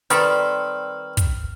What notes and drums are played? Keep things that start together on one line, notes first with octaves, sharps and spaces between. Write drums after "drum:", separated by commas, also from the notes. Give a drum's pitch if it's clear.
D#3 G3 C4 A4 B4 F6, drum: hi-hat
drum: kick, hi-hat